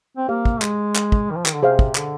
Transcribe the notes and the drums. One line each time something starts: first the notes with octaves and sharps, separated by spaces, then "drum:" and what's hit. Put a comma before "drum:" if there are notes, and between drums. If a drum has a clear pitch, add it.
C4
A#3 G4 C5 F5
drum: kick
G#3, drum: clap
drum: clap
drum: kick
D#3
F3
D#3, drum: clap
D3
C3 G#4 C5 F5
drum: kick
D3, drum: clap